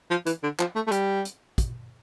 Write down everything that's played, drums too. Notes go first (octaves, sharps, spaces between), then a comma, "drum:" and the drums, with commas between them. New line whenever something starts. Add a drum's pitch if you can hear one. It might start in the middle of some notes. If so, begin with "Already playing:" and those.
F3
E3, drum: hi-hat
D3
F3, drum: clap
A3
A3
G3, drum: hi-hat
drum: hi-hat
drum: kick, hi-hat